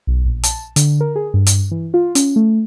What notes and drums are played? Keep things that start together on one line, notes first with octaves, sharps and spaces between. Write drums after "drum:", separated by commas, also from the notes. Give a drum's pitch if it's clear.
B1
A#1
A5, drum: hi-hat
D3, drum: hi-hat
A#4
G#4
G2
drum: hi-hat
E3
F4
C#4, drum: hi-hat
A3